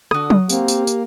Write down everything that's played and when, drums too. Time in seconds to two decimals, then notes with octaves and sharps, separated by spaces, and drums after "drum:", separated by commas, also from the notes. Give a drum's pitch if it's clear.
0.11 D3 F#4 D#6, drum: rim click
0.30 drum: tom F#3
0.49 A#3 C4 G4, drum: tambourine
0.68 drum: tambourine
0.87 drum: tambourine